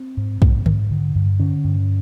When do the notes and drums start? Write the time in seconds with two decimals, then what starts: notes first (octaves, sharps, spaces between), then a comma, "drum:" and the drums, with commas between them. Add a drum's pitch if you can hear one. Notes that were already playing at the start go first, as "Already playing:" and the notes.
Already playing: C4
0.17 G#2
0.42 G#2, drum: kick
0.66 G#2, drum: tom D3
0.91 D3
1.15 G2
1.40 D3 C#4
1.64 G2